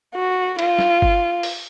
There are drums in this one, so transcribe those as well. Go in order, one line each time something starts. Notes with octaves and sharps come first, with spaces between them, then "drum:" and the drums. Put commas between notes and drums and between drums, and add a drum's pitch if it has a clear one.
F#4
F4, drum: cymbal
drum: snare
drum: kick G1
drum: open hi-hat